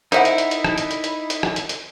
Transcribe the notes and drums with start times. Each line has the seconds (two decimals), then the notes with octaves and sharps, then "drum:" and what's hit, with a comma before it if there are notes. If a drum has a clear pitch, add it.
0.12 D#4 E4 C5 E5 F#5, drum: hi-hat
0.25 drum: hi-hat
0.38 drum: hi-hat
0.51 drum: hi-hat
0.64 drum: rim click
0.78 drum: hi-hat
0.91 drum: hi-hat
1.04 drum: hi-hat
1.30 drum: hi-hat
1.43 drum: rim click
1.56 drum: hi-hat
1.69 drum: hi-hat